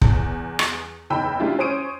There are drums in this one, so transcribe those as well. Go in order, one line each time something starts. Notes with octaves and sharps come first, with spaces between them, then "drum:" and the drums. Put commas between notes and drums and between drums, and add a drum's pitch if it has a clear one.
E2, drum: kick
drum: rim click
F#1 E2 D#4 G5 B5 E6
G3 G#3 D4 E4 F4
C#4 C5 C#5 D#6 D7 D#7